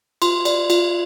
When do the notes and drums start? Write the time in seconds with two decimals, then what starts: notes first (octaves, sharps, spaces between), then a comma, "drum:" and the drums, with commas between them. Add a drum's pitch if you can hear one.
0.22 F4 C6, drum: cymbal
0.45 D5, drum: cymbal
0.70 F4, drum: cymbal